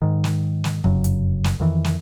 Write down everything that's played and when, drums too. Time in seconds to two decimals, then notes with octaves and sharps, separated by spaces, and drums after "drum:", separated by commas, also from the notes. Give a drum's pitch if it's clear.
0.02 G#2 D#3
0.24 drum: snare
0.64 drum: snare
0.84 F1 F#2 C#3 F#3, drum: kick
1.04 drum: hi-hat
1.44 drum: snare
1.60 F2 D#3 E3
1.84 drum: snare